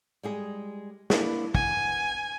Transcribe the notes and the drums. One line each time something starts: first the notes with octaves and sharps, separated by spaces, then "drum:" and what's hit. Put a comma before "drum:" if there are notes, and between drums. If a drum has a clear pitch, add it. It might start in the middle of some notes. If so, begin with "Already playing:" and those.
G3 G#3 G#4
A#3 D4 E4, drum: snare
B3 G#5, drum: kick